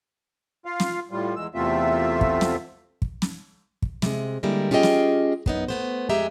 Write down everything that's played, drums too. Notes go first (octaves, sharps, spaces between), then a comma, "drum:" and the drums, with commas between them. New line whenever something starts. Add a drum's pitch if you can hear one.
F4 F5
drum: snare
A2 G3 F4
E2 G#3 E6
E2 C3 A3 C4 F4 E5
drum: kick
drum: snare
drum: kick
drum: snare
drum: kick
C3 G#3, drum: snare
D3 G3 G#3 A#3 E4 A#4
C#4 F4 G4 G#4 D#5 G5
drum: snare
F#2 B3 D#4, drum: kick
A3 B3 C5
F2 G#3 G4 G#4 E5 A#5